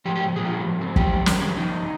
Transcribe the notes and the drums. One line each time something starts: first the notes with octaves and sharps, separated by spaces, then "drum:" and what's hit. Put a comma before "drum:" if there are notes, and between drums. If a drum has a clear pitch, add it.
G#2 F3 G4
G4
A#2 F3 G#4
F4
G3
G#2 F3
C4
G#2 F3 G4, drum: kick
F2 D#3 C4, drum: snare
C#4
G2 F3 D#4